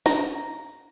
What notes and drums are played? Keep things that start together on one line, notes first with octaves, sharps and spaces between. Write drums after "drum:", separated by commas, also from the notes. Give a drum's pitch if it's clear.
A#5, drum: snare